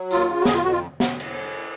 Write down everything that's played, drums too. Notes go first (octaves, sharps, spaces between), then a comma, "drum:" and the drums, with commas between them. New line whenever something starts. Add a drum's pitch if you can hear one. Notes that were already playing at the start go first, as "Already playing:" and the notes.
Already playing: F#3
D#2 F4, drum: tambourine
C#3
F#4
F2 G#4, drum: snare
F4
F2 F#4
F4
drum: snare
drum: cymbal